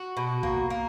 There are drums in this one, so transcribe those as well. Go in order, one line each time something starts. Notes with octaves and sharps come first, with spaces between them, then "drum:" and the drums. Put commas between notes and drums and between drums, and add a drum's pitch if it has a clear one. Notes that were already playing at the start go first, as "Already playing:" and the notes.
Already playing: F#4
B2
A#3, drum: kick A1
A#3